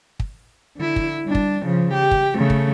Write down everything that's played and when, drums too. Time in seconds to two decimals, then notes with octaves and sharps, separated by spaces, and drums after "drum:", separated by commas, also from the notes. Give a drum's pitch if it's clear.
0.20 drum: kick
0.77 D3 E4
0.96 drum: kick
1.24 G3 D4
1.35 drum: kick
1.64 C#3 F3
1.94 G4
2.11 drum: kick
2.36 C#3 A3
2.50 drum: kick